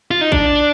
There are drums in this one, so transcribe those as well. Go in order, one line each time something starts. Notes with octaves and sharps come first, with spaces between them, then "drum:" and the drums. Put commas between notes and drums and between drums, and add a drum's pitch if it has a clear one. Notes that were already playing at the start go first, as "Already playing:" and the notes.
F4
D#4
D4, drum: kick G#1